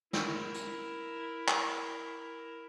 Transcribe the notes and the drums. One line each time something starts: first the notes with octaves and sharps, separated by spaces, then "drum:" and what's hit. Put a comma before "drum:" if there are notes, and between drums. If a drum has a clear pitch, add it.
E4 A#4, drum: snare
drum: hi-hat
drum: clap